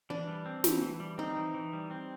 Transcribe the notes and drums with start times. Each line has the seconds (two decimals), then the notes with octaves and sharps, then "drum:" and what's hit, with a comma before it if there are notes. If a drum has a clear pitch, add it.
0.10 E3 D4
0.27 G3
0.46 C4
0.64 E3, drum: snare
0.82 E3
1.00 G3
1.18 C4 D#4
1.37 E3
1.54 E3
1.73 G3
1.91 C4